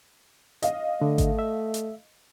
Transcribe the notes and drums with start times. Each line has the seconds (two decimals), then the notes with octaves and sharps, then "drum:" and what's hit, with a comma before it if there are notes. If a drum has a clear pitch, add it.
0.62 D#5 F5, drum: hi-hat
1.01 D3 A3
1.18 drum: kick G#1, hi-hat
1.39 E5
1.74 drum: hi-hat